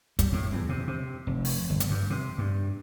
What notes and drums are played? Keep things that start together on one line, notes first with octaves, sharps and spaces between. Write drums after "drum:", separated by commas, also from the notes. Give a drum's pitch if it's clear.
G3, drum: kick, hi-hat
A2
E2
C3
C3
F1
drum: open hi-hat
G1
drum: hi-hat
G2
C3
G2